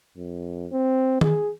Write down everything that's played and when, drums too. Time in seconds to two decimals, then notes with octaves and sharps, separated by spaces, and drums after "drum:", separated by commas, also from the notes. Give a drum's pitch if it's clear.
0.17 F2
0.72 C4
1.21 G#4, drum: tom D#3